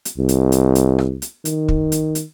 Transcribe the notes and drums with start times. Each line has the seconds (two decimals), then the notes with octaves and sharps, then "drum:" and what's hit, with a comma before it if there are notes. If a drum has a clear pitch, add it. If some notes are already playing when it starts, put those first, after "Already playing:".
0.05 drum: hi-hat
0.18 C2
0.29 drum: hi-hat
0.52 drum: hi-hat
0.75 drum: hi-hat
0.99 drum: rim click
1.22 drum: hi-hat
1.45 D#3, drum: hi-hat
1.68 drum: kick
1.92 drum: hi-hat
2.15 drum: hi-hat